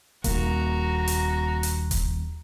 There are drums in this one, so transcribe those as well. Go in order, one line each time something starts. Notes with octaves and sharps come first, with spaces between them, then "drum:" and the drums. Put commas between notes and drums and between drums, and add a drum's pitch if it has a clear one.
D#1 G#1 A#3 F#4 A#5, drum: kick D#1, hi-hat
drum: hi-hat
drum: hi-hat
drum: kick D#1, hi-hat